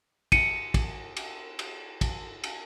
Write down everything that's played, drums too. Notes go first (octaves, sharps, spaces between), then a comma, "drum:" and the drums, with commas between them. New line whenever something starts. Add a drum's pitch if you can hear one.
C#7 D#7, drum: kick, cymbal
drum: kick, cymbal
drum: cymbal
drum: cymbal
drum: kick, cymbal
drum: cymbal